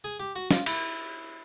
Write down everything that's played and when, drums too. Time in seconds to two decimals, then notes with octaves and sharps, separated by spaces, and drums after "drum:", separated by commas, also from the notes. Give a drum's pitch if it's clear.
0.04 G#4
0.20 G4
0.36 F#4
0.51 F4, drum: snare C#4
0.66 E4, drum: cymbal